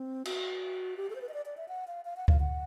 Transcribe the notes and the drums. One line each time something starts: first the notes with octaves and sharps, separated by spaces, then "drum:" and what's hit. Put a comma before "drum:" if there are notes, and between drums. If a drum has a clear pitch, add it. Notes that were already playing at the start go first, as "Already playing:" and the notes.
Already playing: C4
F#4, drum: cymbal
G4
A4
C5
B4
D#5
D5
D5
E5
F#5
F5
F5
F#5
F5, drum: kick C#2
F#5